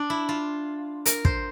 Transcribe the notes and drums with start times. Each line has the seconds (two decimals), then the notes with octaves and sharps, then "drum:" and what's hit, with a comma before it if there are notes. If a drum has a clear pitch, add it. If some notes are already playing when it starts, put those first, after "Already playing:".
Already playing: D4
0.10 E4
0.29 F4
1.06 A#4, drum: hi-hat
1.25 C5, drum: kick